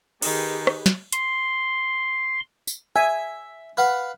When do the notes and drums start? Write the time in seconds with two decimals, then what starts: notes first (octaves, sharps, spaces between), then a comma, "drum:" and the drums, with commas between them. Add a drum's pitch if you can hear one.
0.22 D#3 G4 G#4 B4, drum: cymbal
0.67 drum: rim click
0.86 drum: snare
1.13 C6, drum: hi-hat
2.67 drum: tambourine
2.96 E5 G#5
3.77 B4 F5 F#5